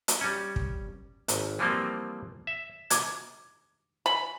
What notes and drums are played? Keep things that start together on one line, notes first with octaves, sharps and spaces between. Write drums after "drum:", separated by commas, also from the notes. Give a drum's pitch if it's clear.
drum: hi-hat
G3 C#4
drum: kick
G#1, drum: hi-hat
E3 F3 G3 A#3 C4
E5
D6 G#6, drum: hi-hat
G#5 B5